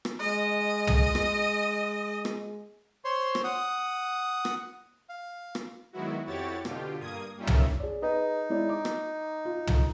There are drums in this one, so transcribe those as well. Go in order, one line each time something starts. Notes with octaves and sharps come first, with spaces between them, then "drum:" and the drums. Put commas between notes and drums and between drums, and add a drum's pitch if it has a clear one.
drum: rim click
G#3 D#5
drum: tom
drum: rim click
drum: rim click
C5 C#5 C6
drum: rim click
F#5 D#6
drum: rim click
F5
drum: rim click
D#3 F#3 G#3 B3 E4 F#4
F2 E4 F#4 G4 C#5 A6
B2 D3 F4 G4, drum: rim click
G2 A#3 D#6 G#6
G3 A#3 C#4 D#4 F4 E5
drum: tom
G#4 D5
D#4 G#4 B4 D#5
G#3 E4 D5
D6
drum: rim click
F4
drum: tom